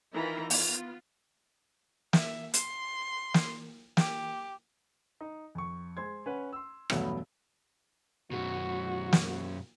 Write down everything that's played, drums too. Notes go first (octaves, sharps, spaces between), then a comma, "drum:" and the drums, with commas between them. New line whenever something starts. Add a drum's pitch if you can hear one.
D#3 E3 E4 F4 A#5
B3 F4, drum: open hi-hat
E5, drum: snare
C6, drum: hi-hat
drum: snare
G4, drum: snare
D#4
F2 C#6
G#3 C5 C6 G#6
C#4 B4 F#5
C6 E6
E2 G2 B2 F#3 A3 B3, drum: rim click
F#2 B2 F#4
drum: snare